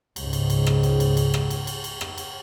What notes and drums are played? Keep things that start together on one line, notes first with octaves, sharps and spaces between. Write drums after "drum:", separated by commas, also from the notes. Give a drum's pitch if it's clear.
C#2 G#2, drum: cymbal
drum: cymbal
drum: cymbal
drum: rim click
drum: cymbal
drum: cymbal
drum: cymbal
drum: rim click
drum: cymbal
drum: cymbal
drum: cymbal
drum: rim click
drum: cymbal